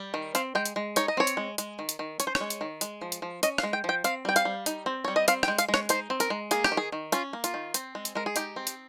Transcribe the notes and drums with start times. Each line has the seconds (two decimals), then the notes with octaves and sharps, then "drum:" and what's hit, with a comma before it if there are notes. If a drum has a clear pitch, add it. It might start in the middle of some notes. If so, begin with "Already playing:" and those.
Already playing: G3
0.14 D#3
0.35 C4 F5, drum: hi-hat
0.55 G#3 G5
0.65 drum: hi-hat
0.76 G#3
0.96 D#4 C#5, drum: hi-hat
1.08 D#5
1.17 C4 C#5
1.27 drum: hi-hat
1.37 G#3
1.58 G#3, drum: hi-hat
1.79 D#3
1.89 drum: hi-hat
1.99 D#3
2.20 C#4 C#5, drum: hi-hat
2.27 C5
2.35 C#5, drum: rim click
2.40 G#3
2.50 drum: hi-hat
2.61 D#3
2.81 G#3, drum: hi-hat
3.01 F3
3.12 drum: hi-hat
3.22 F3
3.43 C#4 D#5, drum: hi-hat
3.58 F5, drum: rim click
3.63 G#3
3.73 G5
3.84 F3 G5
4.04 C4 F5, drum: hi-hat
4.25 G3 G5
4.36 F5, drum: hi-hat
4.45 G3
4.66 D#4, drum: hi-hat
4.86 C4
5.04 G3 C#5
5.16 D#5
5.28 C4 F5, drum: hi-hat
5.43 G5, drum: rim click
5.48 G#3
5.58 F5, drum: hi-hat
5.68 G#3
5.74 C#5, drum: rim click
5.89 D#4 C5, drum: hi-hat
6.10 C4
6.20 A#4, drum: hi-hat
6.30 G#3
6.51 A#3 G#4, drum: hi-hat
6.64 G4, drum: rim click
6.72 D#3
6.77 G#4
6.92 D#3
7.12 C#4 F4, drum: hi-hat
7.33 A#3
7.44 F4, drum: hi-hat
7.54 D#3
7.74 C4, drum: hi-hat
7.95 G#3
8.05 drum: hi-hat
8.15 G#3 A#4
8.26 G#4
8.36 D#4 G4, drum: hi-hat
8.56 C4
8.67 drum: hi-hat